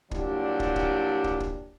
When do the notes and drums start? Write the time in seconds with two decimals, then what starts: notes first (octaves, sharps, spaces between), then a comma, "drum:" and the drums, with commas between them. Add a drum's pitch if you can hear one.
0.11 A#2 F#3 G3 D4 E4 G4, drum: kick
0.60 drum: kick
0.76 drum: kick
1.24 drum: kick
1.40 drum: kick